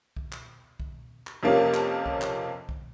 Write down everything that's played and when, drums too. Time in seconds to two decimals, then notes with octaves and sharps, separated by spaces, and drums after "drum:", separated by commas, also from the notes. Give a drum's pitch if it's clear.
0.17 drum: kick B1
0.32 drum: clap
0.80 drum: kick B1
1.27 drum: clap
1.43 F2 C3 F3 A#3 C#4
1.74 drum: clap
2.06 drum: kick B1
2.21 drum: clap
2.69 drum: kick B1